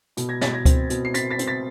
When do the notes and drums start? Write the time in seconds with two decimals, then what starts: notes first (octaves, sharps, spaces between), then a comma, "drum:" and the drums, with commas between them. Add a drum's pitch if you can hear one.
0.17 B2, drum: hi-hat
0.29 G#6 A#6
0.41 B2 A6 B6, drum: snare
0.53 G#6 A#6
0.65 C4, drum: kick C#2, hi-hat
0.90 B2, drum: hi-hat
1.05 C7
1.14 C4 A6 B6, drum: hi-hat
1.30 A6 B6
1.39 C4, drum: hi-hat
1.47 A6 B6